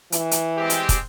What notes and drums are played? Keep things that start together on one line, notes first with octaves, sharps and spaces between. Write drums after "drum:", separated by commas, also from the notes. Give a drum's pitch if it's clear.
E3, drum: hi-hat
drum: hi-hat
G#3 C4 G4
drum: hi-hat
drum: kick, hi-hat